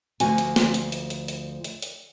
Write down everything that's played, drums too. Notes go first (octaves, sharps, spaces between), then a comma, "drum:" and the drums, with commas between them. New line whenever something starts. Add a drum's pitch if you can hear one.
D2 A#2 F3 F#4 G#5, drum: hi-hat
drum: hi-hat
drum: snare
drum: hi-hat
drum: hi-hat
drum: hi-hat
drum: hi-hat
drum: hi-hat
drum: hi-hat